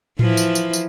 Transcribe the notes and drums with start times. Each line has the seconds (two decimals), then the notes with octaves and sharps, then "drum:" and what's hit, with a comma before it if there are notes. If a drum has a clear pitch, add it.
0.19 E3 F3 E4, drum: tom A2
0.37 drum: tambourine
0.55 drum: tambourine
0.73 drum: tambourine